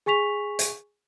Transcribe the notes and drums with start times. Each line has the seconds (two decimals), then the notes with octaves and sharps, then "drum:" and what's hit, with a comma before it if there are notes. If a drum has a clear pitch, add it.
0.06 G#4 G#5 C#6 B6 F7
0.59 drum: hi-hat